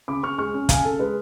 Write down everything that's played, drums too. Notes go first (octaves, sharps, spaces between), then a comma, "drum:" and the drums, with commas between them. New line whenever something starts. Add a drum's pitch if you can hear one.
C#3 B5 D6
C#3 C#6 F6
G#3 C#6 F6
C#4
C#3 F5 G#5, drum: kick, hi-hat
C#3 A4
G#3 B4